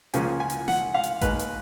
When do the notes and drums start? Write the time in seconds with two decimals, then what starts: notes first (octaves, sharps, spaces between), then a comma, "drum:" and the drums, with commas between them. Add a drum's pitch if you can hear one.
0.14 C#2 C#3 F3 A#3 C#4 G#5, drum: hi-hat
0.40 G#5
0.50 drum: hi-hat
0.68 F#5, drum: snare
0.94 F5
1.03 drum: hi-hat
1.21 D#2 D#3 G#3 B4, drum: kick A1, hi-hat
1.39 drum: hi-hat